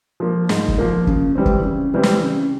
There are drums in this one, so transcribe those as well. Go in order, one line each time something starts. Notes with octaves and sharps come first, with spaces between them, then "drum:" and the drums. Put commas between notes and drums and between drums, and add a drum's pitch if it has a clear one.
F3 A#3
G#2, drum: snare
drum: kick
F3 A#3
C#3, drum: kick
E3 G3 C4
drum: kick
C#3
E3 G3 C4
drum: snare
C#3